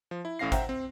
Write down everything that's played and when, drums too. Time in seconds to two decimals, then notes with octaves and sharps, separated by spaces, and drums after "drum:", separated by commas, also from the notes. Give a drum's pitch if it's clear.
0.11 F3
0.25 E4
0.39 A1 A2 C#4 F5 A#6 C7
0.52 C5 E5 F#5 G5 A#5, drum: kick G#1, hi-hat
0.69 C4